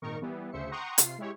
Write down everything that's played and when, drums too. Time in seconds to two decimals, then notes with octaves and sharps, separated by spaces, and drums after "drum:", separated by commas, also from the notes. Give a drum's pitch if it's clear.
0.02 G#1 A#2 D#3 D#4 A#4 C#6
0.22 E3 G3 B3
0.52 D2 C#3 C5 E5 C#7
0.71 F#5 G5 A#5 C6 C#6 D#6
0.98 C3 F4 C7, drum: hi-hat
1.18 G#3 E4 G4 C#5